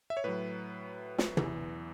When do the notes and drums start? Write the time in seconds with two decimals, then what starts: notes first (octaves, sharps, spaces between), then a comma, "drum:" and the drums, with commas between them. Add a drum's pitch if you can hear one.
0.10 E5
0.17 C#5
0.24 A2 F#3 B4
1.18 drum: snare
1.37 E2 E3, drum: tom